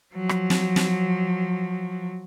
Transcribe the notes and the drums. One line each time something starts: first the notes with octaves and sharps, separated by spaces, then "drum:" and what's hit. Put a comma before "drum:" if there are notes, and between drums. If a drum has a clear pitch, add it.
F3 F#3
drum: rim click
drum: snare
drum: snare